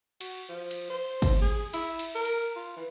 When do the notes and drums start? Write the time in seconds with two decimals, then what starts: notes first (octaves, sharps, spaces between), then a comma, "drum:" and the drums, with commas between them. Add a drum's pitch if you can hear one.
0.21 F#4, drum: cymbal
0.49 F3
0.71 drum: cymbal
0.90 C5
1.22 drum: kick, cymbal
1.42 G#4
1.73 E4, drum: cymbal
1.99 drum: cymbal
2.15 A#4
2.25 drum: cymbal
2.56 F4
2.76 E3